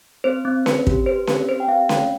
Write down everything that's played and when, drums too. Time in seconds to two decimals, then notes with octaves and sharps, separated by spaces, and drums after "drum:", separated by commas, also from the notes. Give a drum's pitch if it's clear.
0.24 C4 C5
0.45 C4
0.66 C4 B4, drum: snare C#4
0.87 G4, drum: kick
1.06 G4 C5
1.27 C4 B4, drum: snare C#4
1.49 G4 C5
1.60 G5
1.68 C4 F5
1.89 A3 G5, drum: snare C#4